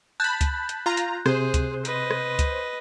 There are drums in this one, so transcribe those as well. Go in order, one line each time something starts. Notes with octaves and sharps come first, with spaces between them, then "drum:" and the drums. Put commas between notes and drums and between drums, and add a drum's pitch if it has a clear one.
A5 B5 F#6 G6
drum: kick C#2, hi-hat
drum: hi-hat
F4 A#5
drum: hi-hat
C3 G#4 C5, drum: rim click
drum: kick C#2, hi-hat
B4 D#5, drum: hi-hat
drum: rim click
drum: kick C#2, hi-hat